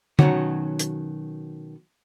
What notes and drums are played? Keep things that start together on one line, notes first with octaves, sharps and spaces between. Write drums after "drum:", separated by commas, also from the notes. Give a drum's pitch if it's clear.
B2 D#3 F#3 C#4 F#4, drum: tom
drum: hi-hat